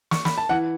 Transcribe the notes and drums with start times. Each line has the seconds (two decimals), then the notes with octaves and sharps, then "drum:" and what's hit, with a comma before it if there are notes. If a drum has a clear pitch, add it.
0.11 C#6, drum: snare
0.25 B5, drum: snare
0.38 A5
0.49 E3 F#5